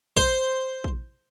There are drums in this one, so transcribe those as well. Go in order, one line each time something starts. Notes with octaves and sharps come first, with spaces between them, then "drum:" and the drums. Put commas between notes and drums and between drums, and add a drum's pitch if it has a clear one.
C5, drum: kick
drum: kick